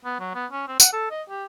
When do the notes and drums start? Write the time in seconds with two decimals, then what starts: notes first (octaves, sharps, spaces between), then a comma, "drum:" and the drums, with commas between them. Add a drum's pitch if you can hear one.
0.05 B3
0.20 F#3
0.35 B3
0.52 C#4
0.68 C4
0.80 F#5, drum: tambourine
0.93 A4
1.11 D#5
1.29 G4